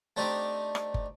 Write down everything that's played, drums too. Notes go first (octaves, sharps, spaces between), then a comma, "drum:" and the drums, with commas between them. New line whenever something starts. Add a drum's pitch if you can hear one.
A3 C4 D4 D#4 G4
drum: rim click
drum: kick